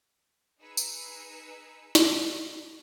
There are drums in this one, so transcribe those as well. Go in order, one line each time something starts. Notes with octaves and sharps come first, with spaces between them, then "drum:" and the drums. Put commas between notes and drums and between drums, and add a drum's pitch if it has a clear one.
D#4 G#4 B4 E6 C#7
drum: tambourine
drum: snare